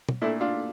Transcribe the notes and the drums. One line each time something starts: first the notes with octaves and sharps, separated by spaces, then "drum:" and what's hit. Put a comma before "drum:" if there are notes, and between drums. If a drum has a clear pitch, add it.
drum: tom
A#2 A3 D4 E4
D4 F4